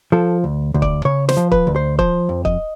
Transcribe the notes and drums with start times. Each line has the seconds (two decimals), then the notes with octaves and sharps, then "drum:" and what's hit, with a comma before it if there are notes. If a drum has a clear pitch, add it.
0.12 F3 A4
0.44 D2
0.74 D2
0.82 D5, drum: kick
1.05 C#3 C#5
1.29 C5, drum: snare
1.37 F3
1.52 B4, drum: kick
1.67 D2
1.76 C5
1.99 F3 C5, drum: kick
2.29 F2
2.45 D#5, drum: kick